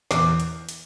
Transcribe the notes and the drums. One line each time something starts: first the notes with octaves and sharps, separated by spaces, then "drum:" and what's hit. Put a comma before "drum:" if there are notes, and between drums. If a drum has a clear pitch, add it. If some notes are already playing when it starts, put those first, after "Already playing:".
E2 D6, drum: snare
drum: hi-hat
drum: hi-hat